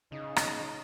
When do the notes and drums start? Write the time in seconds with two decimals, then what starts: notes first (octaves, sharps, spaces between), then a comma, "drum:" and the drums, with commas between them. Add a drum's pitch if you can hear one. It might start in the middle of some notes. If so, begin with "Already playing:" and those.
0.12 C#3 D#4
0.36 drum: rim click